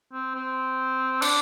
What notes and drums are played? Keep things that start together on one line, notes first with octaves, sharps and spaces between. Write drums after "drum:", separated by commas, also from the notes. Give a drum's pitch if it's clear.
C4
C4
D4, drum: cymbal